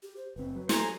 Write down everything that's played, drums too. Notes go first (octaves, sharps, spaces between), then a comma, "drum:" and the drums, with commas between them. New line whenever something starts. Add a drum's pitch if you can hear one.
G4
C5
F#1 C4 B4
F#3
A4 C5 G#5 A#5, drum: snare